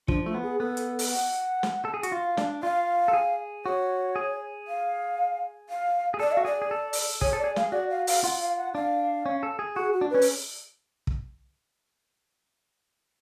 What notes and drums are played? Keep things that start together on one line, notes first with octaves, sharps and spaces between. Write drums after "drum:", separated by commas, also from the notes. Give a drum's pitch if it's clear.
F3 D4, drum: kick
A3 F4
B3
G#4
B3 A4
drum: hi-hat
drum: open hi-hat
F#5
drum: snare
A4
G#4
F#4, drum: hi-hat
F4 F5
D4, drum: snare
F4 F5
A4
G#4
F#4 C#5
G#4
F5
F5
G#4
A4 D5
F#4 F5
G#4 D5
G#4
A4
drum: open hi-hat
G#4 C#5, drum: kick
A4
D5
G#4
F5, drum: snare
F#4 D5
F5
F5, drum: open hi-hat
F4 F#5
F5
F#5
D4 F5
C#4
A4
G#4
F#4 G#4
F#4
D4
C#4 B4
drum: open hi-hat
drum: kick